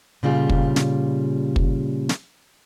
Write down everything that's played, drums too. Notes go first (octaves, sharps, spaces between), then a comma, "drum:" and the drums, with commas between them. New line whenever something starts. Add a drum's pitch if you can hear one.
A#2 C#3 G3 F4
drum: kick
drum: snare
drum: kick
drum: snare